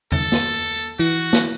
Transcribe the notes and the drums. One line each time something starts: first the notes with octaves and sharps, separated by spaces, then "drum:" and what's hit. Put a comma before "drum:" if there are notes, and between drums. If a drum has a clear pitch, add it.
A4, drum: tom E2
drum: snare
E3 F#4
drum: snare